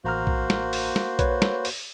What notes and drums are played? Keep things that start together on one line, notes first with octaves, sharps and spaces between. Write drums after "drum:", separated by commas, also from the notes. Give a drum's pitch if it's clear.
A1 A#3 F#4 C5 A#5 F6
drum: kick B1
drum: snare
drum: open hi-hat
drum: snare
B4 C#5, drum: kick B1, hi-hat
drum: snare
drum: open hi-hat